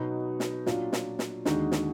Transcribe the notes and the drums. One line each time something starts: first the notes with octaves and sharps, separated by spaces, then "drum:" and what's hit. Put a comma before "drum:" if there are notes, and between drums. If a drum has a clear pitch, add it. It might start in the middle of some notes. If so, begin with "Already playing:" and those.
Already playing: B2 F#3 B3 D#4
drum: snare
A#2 F#3 D4 F4, drum: snare
drum: snare
drum: snare
D#2 D3 G#3 D#4 F#4, drum: snare
drum: snare